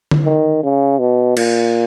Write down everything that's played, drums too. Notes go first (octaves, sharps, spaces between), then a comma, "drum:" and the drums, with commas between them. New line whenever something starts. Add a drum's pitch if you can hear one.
drum: tom D3
D#3
C#3
B2
A#2, drum: cymbal